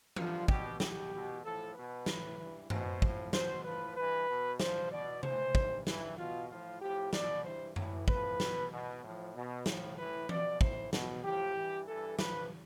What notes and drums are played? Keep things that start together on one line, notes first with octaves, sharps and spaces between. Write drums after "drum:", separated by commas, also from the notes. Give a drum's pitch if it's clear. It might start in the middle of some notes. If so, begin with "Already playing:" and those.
G2 D3 F3 F4, drum: tom E3
B2 G4, drum: kick
B2 G4, drum: snare
B2
A2 F3 A4
B2 B4
A2 E3, drum: snare
G2 E3
B2 C5, drum: tom F#2
A2 F3, drum: kick
B2 C5, drum: snare
A2 F3 B4
G2 E3 B4
B2
G2 F3 C5, drum: snare
B2 D5
A2 E3 C5, drum: tom C3
G2 E3, drum: kick
G2 E3, drum: snare
B2 F4
A2 F3 F4
A2 F3 G4
B2 D5, drum: snare
G2 E3 C5
A2 E3, drum: tom F#2
A2 F3 B4, drum: kick
B2, drum: snare
B2
A2 F3
B2
A2 F3, drum: snare
A2 E3 B4
B2 D5, drum: tom E3
A2 E3 C5, drum: kick
B2, drum: snare
A2 F3 G4
G2 E3
G2 E3 A4
G2 F3 B4, drum: snare